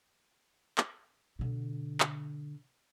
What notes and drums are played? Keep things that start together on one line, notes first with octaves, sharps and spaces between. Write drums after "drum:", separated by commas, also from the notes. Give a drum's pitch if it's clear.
drum: clap
B2 D3
drum: clap